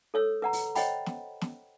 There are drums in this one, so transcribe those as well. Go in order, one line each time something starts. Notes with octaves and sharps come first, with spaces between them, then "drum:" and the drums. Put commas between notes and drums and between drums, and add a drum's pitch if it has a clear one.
A4 C#5 E6
B4 F#5 A#5
drum: open hi-hat
C5 C#5 D#5 F#5 G5 B5, drum: open hi-hat
drum: snare
drum: snare